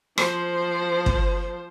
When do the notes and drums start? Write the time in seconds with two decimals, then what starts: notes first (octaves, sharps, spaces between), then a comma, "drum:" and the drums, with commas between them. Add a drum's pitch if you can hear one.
0.18 F3 C5, drum: rim click
1.06 drum: kick